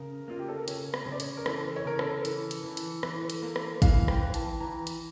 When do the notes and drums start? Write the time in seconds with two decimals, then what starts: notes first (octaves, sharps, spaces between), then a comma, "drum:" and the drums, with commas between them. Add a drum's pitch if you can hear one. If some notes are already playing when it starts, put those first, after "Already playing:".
Already playing: C#3 A#4
0.28 A#3 F4
0.39 G4
0.48 A4
0.58 A#4
0.68 C#3 C#5, drum: hi-hat
0.94 drum: rim click
1.06 C#3
1.12 D5
1.20 C#5, drum: hi-hat
1.37 A#4
1.46 E3 A4, drum: rim click
1.76 C#5
1.85 C#3 A#4
1.99 A4, drum: rim click
2.25 E3, drum: hi-hat
2.51 drum: hi-hat
2.63 E3
2.77 drum: hi-hat
3.03 E3, drum: rim click
3.30 drum: hi-hat
3.43 A#3
3.56 drum: rim click
3.82 E3 F5, drum: kick, hi-hat
4.08 G5, drum: rim click
4.22 E3
4.34 A5, drum: hi-hat
4.60 E3 A#5
4.87 drum: hi-hat